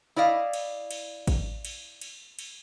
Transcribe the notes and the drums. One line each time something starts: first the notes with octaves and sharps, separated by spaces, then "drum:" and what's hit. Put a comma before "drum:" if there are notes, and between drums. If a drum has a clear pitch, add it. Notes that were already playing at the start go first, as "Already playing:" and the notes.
E4 D5 D#5 F5
drum: cymbal
drum: cymbal
drum: kick A1, cymbal
drum: cymbal
drum: cymbal
drum: cymbal